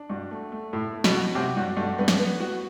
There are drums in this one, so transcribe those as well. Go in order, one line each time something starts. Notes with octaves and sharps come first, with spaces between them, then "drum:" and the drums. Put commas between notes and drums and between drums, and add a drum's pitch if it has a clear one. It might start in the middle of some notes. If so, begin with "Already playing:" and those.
Already playing: D4
G2 F#4
A3
A3
A2 A3
A3
B2, drum: snare
F#4
C3 F#3
G2 F#4
G2 A3
G2 B3
drum: snare
B3
F#4